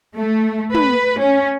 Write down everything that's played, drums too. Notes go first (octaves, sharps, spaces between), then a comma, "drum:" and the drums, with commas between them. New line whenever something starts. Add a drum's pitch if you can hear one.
A3
B4, drum: tom
C#4